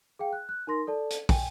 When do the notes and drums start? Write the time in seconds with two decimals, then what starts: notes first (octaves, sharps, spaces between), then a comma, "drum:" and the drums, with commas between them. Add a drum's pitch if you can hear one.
0.19 G#4 F5 G5
0.33 F#6
0.49 F#6
0.67 D#4 A#4 C6 A#6
0.87 A4 D5 A5
1.10 drum: hi-hat
1.29 G5 G#5, drum: kick, open hi-hat